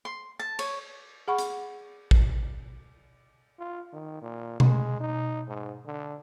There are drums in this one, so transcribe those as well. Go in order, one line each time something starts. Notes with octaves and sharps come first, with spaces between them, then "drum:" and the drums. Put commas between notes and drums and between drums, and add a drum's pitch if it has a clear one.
C6
A5
C#5, drum: cymbal
G#4 F#5 B5 C#6
drum: hi-hat
drum: kick
F4
D#3
A#2
G#3, drum: tom B2
D#4
G#2
D3